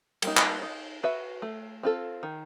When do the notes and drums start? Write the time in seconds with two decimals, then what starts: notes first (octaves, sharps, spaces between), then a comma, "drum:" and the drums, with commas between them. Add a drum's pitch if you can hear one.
0.22 G3 A#3 D#4, drum: cymbal
0.37 drum: clap
0.62 D#4
1.03 F#4 B4 E5
1.42 A3
1.83 C4 F4 A4
2.23 D#3